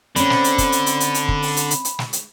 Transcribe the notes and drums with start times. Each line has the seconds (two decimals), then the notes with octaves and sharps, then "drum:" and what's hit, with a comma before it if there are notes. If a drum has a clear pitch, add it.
0.16 D3 C4 C#4 B5, drum: hi-hat
0.30 drum: snare
0.44 drum: hi-hat
0.58 drum: kick, hi-hat
0.72 drum: hi-hat
0.86 drum: hi-hat
1.00 drum: hi-hat
1.14 drum: hi-hat
1.28 drum: kick
1.42 drum: open hi-hat
1.57 drum: hi-hat
1.71 drum: hi-hat
1.85 drum: hi-hat
1.99 drum: snare
2.13 drum: hi-hat